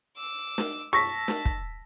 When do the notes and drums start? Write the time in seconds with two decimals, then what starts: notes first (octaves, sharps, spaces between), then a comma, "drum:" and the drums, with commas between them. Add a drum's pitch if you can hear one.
0.17 D6 E6
0.58 drum: snare
0.93 A5 C#6 E6 A#6 B6
1.28 drum: snare
1.45 drum: kick